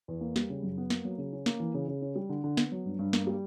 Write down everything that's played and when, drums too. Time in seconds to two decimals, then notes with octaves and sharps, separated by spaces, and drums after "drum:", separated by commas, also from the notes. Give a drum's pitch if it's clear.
0.08 E2
0.21 A#3
0.36 G3, drum: snare
0.50 C#3
0.63 F#2
0.77 B3
0.90 A#3, drum: snare
1.05 F#3
1.18 C#3
1.33 C#4
1.46 A#3, drum: snare
1.60 E3
1.74 C#3
1.88 C#3
2.02 C#4
2.16 G3
2.29 D3
2.44 D3
2.57 B3, drum: snare
2.72 F#3
2.86 G2
2.99 G2
3.13 A#3, drum: snare
3.27 G3